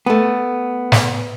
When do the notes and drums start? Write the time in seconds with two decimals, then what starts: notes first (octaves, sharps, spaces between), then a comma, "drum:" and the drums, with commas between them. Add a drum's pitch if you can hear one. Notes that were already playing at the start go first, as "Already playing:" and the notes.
0.06 A3 B3
0.92 drum: snare